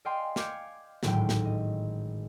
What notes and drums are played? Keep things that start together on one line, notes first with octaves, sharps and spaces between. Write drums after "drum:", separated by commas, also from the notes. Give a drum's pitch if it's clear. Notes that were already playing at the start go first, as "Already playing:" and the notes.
D5 D#5 F5 G5 G#5 C6
F5 D6 G6 G#6 C#7 D7, drum: snare
G#1 D2 A2 F#3 C#4 G5, drum: snare
drum: snare
D#5